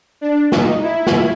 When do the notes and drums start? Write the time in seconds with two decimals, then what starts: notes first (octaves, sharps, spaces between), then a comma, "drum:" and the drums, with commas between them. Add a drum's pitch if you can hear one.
0.21 D4
0.52 D#4, drum: snare
0.82 E4
1.07 drum: snare